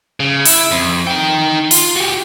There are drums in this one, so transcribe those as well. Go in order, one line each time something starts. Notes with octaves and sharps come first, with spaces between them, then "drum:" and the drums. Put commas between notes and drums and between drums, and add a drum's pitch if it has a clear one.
C#3
E4, drum: open hi-hat
F2
D#4 G5
F4, drum: open hi-hat
F#4 G4